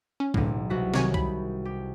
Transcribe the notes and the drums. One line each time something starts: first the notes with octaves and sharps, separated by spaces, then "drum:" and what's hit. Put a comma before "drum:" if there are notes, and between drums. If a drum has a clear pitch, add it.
C#4
E1 B1 A2 D3, drum: kick
C2 F#4 B6
C3 D#3 C#5 G#5, drum: snare
B5, drum: kick
G4